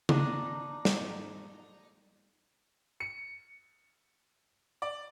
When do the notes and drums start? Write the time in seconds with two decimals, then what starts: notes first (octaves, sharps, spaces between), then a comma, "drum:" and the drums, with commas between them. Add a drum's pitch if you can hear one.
0.09 D4 D#4, drum: tom C#3
0.85 drum: snare
3.00 C#7
4.82 D5